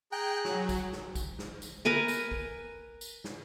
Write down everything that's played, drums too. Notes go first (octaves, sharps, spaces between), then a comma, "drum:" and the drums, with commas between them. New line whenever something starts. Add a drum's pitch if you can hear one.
G#4 G5 A#5 F#6
F#3, drum: snare
drum: kick, tambourine
drum: snare
drum: kick, tambourine
drum: snare
drum: tambourine
A#4 B4 G#5 A#5
drum: tambourine
drum: kick
drum: tambourine
drum: snare